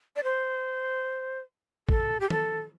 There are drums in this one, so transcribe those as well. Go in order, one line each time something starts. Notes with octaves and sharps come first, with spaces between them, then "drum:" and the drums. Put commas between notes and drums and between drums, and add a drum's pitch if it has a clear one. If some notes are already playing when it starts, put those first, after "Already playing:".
D5
C5
A4, drum: kick
G4
A4, drum: tom